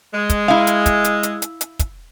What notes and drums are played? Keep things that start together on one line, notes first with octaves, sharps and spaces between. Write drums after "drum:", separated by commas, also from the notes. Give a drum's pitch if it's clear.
G#3
drum: kick, hi-hat
E4 F5
drum: hi-hat
drum: kick, hi-hat
drum: hi-hat
drum: hi-hat
drum: hi-hat
drum: hi-hat
drum: kick, hi-hat